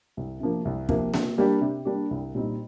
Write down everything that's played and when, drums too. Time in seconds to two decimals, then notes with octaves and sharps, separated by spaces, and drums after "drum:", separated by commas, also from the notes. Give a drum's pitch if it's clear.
0.17 C2
0.40 C3 F3 A#3
0.65 C2
0.89 C3 F3 A#3, drum: kick
1.14 C3, drum: snare A#3
1.38 G3 A#3 D4 G4
1.61 C3
1.85 G3 A#3 D4 G4
2.11 C2
2.35 A#2 G3 C4 D#4